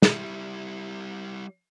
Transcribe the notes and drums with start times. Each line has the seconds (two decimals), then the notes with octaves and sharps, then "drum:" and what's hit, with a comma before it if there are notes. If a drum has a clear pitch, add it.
0.02 G3 E4, drum: snare